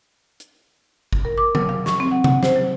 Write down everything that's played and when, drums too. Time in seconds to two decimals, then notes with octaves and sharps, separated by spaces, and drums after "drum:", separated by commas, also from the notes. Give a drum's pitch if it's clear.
0.40 drum: hi-hat
1.13 drum: kick
1.25 A#4
1.38 D6
1.55 F#3, drum: tom C#3
1.69 F5
1.86 C#6, drum: snare
2.00 C4
2.11 F#5
2.24 F#5, drum: tom C3
2.43 C5, drum: snare
2.56 F#3